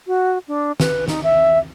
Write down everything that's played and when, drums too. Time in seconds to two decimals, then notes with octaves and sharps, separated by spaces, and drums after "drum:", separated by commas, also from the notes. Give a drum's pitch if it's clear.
0.07 F#4
0.48 D4
0.80 B4, drum: snare
1.08 D#4, drum: snare
1.24 E5